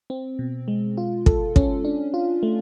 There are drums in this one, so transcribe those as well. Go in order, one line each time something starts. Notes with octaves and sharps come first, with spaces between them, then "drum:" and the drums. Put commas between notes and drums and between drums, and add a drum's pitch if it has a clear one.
C4
B2
G#3
F4
A4, drum: kick
C#4, drum: kick
D4
F4
A3